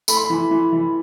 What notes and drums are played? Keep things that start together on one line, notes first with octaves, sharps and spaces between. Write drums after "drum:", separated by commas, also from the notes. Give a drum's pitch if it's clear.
A3 B5, drum: tambourine
C6
B5
E3
E3
E3